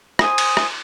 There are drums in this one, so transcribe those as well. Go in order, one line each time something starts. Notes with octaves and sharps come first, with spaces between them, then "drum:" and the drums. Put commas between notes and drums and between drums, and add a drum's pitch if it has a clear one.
C5 G#5 D#6, drum: rim click
drum: cymbal
drum: rim click